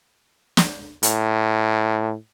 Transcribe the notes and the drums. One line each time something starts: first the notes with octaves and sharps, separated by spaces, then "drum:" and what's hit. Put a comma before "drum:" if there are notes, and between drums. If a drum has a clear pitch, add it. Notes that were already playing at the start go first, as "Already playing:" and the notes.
drum: snare
A2, drum: hi-hat